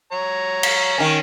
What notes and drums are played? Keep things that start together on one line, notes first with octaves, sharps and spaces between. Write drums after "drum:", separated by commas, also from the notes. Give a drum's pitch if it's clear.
C#5 A#5
drum: cymbal
D#3 C#4